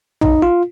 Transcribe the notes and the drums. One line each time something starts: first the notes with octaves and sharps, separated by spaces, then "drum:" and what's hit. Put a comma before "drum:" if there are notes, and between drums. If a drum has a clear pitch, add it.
D#4, drum: tom B1
F4